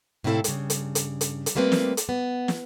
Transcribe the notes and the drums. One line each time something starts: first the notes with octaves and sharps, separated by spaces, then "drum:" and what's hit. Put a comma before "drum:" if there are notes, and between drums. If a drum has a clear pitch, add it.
A2 C3 C4 E4 A4 F5
G2 C#3, drum: hi-hat
drum: hi-hat
drum: hi-hat
drum: hi-hat
drum: hi-hat
G3 A3 A#3 C4 B4
drum: snare
drum: hi-hat
B3
drum: snare